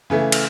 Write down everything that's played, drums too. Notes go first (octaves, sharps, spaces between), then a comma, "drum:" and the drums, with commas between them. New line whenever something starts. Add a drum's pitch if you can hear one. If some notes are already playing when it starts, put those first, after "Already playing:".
C#3 E3 A3
drum: cymbal